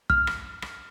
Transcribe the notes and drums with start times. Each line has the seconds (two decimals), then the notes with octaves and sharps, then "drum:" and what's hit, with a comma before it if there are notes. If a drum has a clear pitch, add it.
0.10 F6, drum: kick
0.27 drum: rim click
0.62 drum: rim click